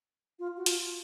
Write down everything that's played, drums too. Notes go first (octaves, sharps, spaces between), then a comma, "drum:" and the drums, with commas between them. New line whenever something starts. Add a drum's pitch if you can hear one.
F4
F#4
F4, drum: hi-hat